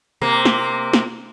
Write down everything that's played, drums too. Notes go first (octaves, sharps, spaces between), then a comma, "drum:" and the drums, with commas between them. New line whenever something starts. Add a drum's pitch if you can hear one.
C3 A#3
drum: snare
drum: snare